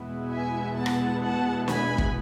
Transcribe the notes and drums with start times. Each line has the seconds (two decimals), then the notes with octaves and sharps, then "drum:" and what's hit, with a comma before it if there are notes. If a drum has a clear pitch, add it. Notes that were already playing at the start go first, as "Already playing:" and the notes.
Already playing: E2 B2 G#3 B3 E4
0.31 E5 G#5
0.76 F#5 A5
0.86 drum: rim click
1.22 F#5 A5
1.68 G#5 B5, drum: snare
1.98 drum: kick